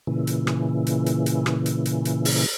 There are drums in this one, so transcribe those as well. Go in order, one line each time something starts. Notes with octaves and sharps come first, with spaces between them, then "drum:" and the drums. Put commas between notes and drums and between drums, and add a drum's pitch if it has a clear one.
A#2 C#3 E3
drum: hi-hat
drum: rim click
drum: hi-hat
drum: hi-hat
drum: hi-hat
drum: rim click
drum: hi-hat
drum: hi-hat
drum: hi-hat
drum: open hi-hat